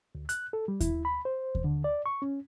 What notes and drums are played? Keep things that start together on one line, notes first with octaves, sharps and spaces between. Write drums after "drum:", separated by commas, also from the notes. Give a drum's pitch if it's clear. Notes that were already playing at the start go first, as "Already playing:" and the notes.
D2
F#6, drum: hi-hat
A4
G3
E4, drum: kick D#2, hi-hat
B5
C5
drum: kick D#2
D3
D5
C#6
C#4